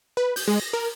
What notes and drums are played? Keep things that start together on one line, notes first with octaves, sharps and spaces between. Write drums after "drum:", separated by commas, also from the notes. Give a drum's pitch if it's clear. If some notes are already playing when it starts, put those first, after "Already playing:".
B4
G6, drum: open hi-hat
G#3
A#6
A#4